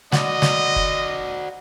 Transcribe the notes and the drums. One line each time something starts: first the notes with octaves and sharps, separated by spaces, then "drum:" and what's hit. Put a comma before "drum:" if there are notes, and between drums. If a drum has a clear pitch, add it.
F#4 D5 D#5, drum: snare
drum: snare
drum: kick